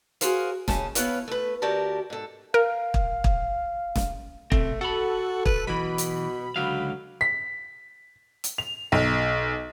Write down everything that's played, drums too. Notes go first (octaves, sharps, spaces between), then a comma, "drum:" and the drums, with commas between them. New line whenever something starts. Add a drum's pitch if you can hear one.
F#4 G#4 A#4 C5 F5, drum: hi-hat
D#2 C#3 C#4 A5, drum: snare
B3 E4 B4 C#5 F5, drum: hi-hat
A3 B4
D2 F#4 G4 A#4 D5 A5
G#2 A4
A#4 F5
drum: kick
drum: kick
drum: snare
B2 A3 C4, drum: kick
F#4 A4 F#5 B5
B4, drum: kick
B1 B2 E3 B5
drum: hi-hat
C#2 D3 F#3 F5
B6
drum: hi-hat
F7
B1